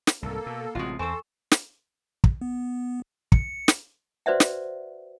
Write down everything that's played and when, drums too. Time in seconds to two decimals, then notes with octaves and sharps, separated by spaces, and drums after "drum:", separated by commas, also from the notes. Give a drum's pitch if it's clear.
0.07 drum: snare
0.22 C2 G#2 A#3 A4
0.46 B2
0.75 A1 C3 G#3 C4 F4 F#4
0.99 E2 C4 A4 C5 G#5 C#6 E7
1.51 drum: snare
2.24 drum: kick
2.41 B3
3.32 C#7, drum: kick
3.68 drum: snare
4.26 F#4 B4 C5 D5 E5 F#5
4.40 drum: snare